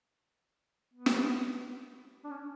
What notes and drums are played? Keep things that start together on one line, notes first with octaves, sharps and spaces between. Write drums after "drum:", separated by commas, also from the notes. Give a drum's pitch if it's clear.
B3
drum: snare
D4
C#4